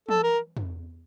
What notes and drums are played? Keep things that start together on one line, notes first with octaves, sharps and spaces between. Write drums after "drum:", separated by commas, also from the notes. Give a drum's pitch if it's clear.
A4, drum: tom
A#4
drum: tom